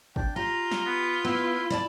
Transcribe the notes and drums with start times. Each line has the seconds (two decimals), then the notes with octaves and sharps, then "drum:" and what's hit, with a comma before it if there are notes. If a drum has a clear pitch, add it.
0.16 D4 G5, drum: kick G1
0.36 F4 G4 A#5
0.71 drum: snare
0.86 B3
1.25 B3 E4
1.70 E4 D5 A5